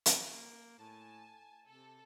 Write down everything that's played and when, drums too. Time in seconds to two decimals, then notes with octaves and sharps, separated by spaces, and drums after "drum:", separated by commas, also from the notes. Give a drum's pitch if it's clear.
0.06 drum: hi-hat
0.29 A#3
0.79 A2 G#5 A5
1.66 C3 A4